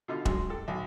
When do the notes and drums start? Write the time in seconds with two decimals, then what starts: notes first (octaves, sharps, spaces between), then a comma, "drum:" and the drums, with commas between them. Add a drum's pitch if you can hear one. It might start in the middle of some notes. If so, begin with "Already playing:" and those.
0.08 B2 D3 D#4 F4
0.25 F#2 F#3 G#3, drum: kick E1
0.50 G4 A4
0.68 B1